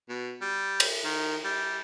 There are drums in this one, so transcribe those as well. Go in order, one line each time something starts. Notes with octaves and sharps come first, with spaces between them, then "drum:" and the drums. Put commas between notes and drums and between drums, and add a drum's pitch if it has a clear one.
B2
G3
drum: cymbal
D#3
G3